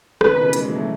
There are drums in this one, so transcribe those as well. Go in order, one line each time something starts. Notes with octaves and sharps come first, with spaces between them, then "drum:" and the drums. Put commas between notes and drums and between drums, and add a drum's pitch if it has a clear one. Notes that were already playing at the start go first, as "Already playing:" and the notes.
C#3 E3 B4, drum: rim click
B2 D#3
C#3 E3
E3 G#3, drum: hi-hat
E3 G#3
F#3 A3